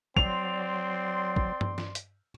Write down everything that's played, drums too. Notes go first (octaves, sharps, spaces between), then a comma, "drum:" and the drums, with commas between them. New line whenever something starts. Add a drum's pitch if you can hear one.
F#3 C4 D5 C6 F7, drum: kick
drum: kick
drum: tom G2
drum: snare
drum: hi-hat